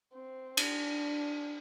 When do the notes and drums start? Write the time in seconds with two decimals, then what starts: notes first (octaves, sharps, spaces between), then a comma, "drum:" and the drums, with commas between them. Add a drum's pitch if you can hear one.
0.14 C4
0.57 D4, drum: cymbal